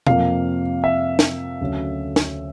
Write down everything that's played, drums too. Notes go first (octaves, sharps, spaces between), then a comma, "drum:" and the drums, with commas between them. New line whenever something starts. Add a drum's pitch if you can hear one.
F2 C3 F3 A#3 F5, drum: tom B2
E5
drum: snare
D2 C#3 F#3 A3 C#4
drum: snare